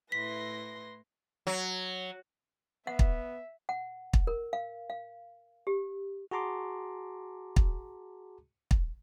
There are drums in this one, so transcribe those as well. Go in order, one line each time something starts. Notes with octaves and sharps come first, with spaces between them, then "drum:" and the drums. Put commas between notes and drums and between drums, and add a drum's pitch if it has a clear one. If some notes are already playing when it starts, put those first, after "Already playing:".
A2 E4 B4 C6 A#6 B6
F#3
B3 E5 F#5
drum: kick
F#5
drum: kick
A#4
F5
F5
G4
F#4 G#4 A5 A#5 C6 D6
drum: kick
drum: kick